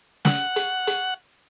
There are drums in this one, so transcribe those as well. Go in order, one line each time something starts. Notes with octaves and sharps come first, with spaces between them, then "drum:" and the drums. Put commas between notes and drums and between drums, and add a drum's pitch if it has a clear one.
F#5, drum: snare
drum: hi-hat
drum: hi-hat